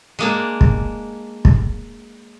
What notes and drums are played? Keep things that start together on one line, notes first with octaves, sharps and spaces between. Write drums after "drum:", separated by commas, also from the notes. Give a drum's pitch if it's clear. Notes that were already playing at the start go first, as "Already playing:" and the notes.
G#3 A#3 D4
drum: kick
drum: kick